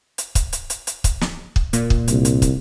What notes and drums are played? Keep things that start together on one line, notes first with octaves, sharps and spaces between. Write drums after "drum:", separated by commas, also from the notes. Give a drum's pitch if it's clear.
drum: hi-hat
drum: kick, hi-hat
drum: hi-hat
drum: hi-hat
drum: hi-hat
drum: kick, hi-hat
drum: snare
drum: kick
A#2, drum: hi-hat
drum: kick
C2, drum: hi-hat
drum: hi-hat
drum: kick, hi-hat